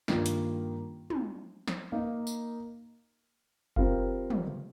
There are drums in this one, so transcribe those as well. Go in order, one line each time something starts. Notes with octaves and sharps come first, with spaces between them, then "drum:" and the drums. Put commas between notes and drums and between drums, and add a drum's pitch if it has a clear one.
G2 D#3 A#3 D4 F4, drum: snare
drum: hi-hat
drum: tom
drum: snare
A#3 D#4 A#4 F5
drum: tambourine
G3 C4 F4 A#4 F5, drum: kick F#1
drum: tom